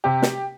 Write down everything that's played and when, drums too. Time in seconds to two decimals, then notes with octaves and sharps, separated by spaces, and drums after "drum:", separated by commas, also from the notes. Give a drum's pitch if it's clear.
0.04 C3 G4
0.22 drum: snare